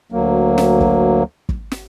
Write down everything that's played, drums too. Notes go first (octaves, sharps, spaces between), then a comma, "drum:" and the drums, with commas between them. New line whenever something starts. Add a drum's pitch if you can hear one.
D2 F#3 A#3
drum: snare
drum: kick
drum: kick
drum: snare